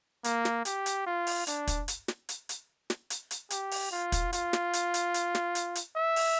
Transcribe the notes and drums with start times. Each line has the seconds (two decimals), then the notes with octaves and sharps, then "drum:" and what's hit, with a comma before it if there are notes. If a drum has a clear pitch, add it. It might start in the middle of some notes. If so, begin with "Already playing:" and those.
0.24 A#3, drum: hi-hat
0.45 drum: snare
0.65 G4, drum: hi-hat
0.86 drum: hi-hat
1.06 F4
1.27 drum: open hi-hat
1.47 D4, drum: hi-hat
1.67 drum: kick, hi-hat
1.88 drum: hi-hat
2.08 drum: snare
2.29 drum: hi-hat
2.49 drum: hi-hat
2.90 drum: snare
3.10 drum: hi-hat
3.31 drum: hi-hat
3.50 G4, drum: hi-hat
3.71 drum: open hi-hat
3.92 F4
4.12 drum: kick, hi-hat
4.33 F4, drum: hi-hat
4.53 drum: snare
4.73 drum: hi-hat
4.94 drum: hi-hat
5.14 drum: hi-hat
5.35 drum: snare
5.55 drum: hi-hat
5.75 drum: hi-hat
5.96 E5
6.16 drum: open hi-hat